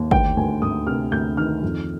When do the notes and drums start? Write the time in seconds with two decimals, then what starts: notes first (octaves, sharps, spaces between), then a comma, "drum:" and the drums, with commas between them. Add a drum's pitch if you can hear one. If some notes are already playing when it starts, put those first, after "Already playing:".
Already playing: D#2
0.11 D2 G5, drum: kick
0.37 D2 G#5
0.62 D2 D#6
0.87 C3 F6
1.12 D2 G6
1.37 D#3 F6
1.63 F2